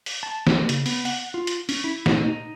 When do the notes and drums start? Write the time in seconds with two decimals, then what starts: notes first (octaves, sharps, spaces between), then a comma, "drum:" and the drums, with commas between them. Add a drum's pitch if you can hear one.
0.06 drum: open hi-hat
0.23 A5
0.47 A#3, drum: snare
0.69 C#3, drum: hi-hat
0.86 B3, drum: open hi-hat
1.05 F#5, drum: open hi-hat
1.34 F4
1.47 drum: hi-hat
1.69 C#4, drum: open hi-hat
1.84 E4
2.06 A#2, drum: snare
2.24 D#4